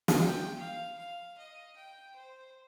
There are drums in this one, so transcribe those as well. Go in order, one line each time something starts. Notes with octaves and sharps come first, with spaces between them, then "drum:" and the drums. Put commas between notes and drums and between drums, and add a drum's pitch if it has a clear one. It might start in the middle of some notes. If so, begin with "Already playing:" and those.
drum: snare
G5
F5
F5
D#5
G5
C5